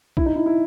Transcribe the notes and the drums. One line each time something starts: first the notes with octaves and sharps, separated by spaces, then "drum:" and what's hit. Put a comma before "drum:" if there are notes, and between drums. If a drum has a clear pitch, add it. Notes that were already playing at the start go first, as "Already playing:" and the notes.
E4, drum: kick
D#4
E4
E4